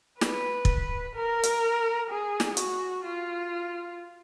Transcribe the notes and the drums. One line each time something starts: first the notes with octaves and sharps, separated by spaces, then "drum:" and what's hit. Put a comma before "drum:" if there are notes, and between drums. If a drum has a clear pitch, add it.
B4, drum: snare
drum: kick
A#4
drum: hi-hat
G#4
drum: snare
F#4, drum: hi-hat
F4